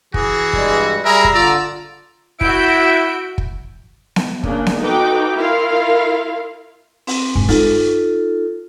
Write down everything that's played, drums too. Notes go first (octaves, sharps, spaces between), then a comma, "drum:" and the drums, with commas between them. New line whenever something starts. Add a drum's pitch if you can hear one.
E3 F#4 G#4, drum: kick
G2 G3 G#3, drum: kick
G3 G#4 A#4 E5 A#5 B5
drum: kick
D3 F4 D5 E6
E4 F#4 E5 G6 D7, drum: kick
drum: kick
drum: snare B3
C#3 A#3 D4, drum: kick
drum: snare B3
D#4 F#4 A4 B4 G5 D6
E4 F4 A#4 F5
C4, drum: open hi-hat
G2 G#3, drum: kick
D#4 F4 A4, drum: open hi-hat